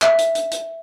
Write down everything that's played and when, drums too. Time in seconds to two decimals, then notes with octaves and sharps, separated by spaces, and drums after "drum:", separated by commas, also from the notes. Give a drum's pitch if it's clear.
0.02 E5, drum: clap
0.18 drum: hi-hat
0.35 drum: hi-hat
0.51 drum: hi-hat